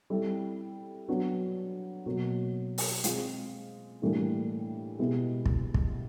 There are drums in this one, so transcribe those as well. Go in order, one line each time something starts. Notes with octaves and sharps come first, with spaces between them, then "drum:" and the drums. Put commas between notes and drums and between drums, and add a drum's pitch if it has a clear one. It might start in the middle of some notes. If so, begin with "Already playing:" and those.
G3 C4 E4 A4
F#3 B3 D4
B2 F#3 A#3
drum: open hi-hat
G#3 C4 F4, drum: hi-hat
A2 E3 G3 A#3 D4
B2 G#3 B3 E4 G4
drum: kick
drum: kick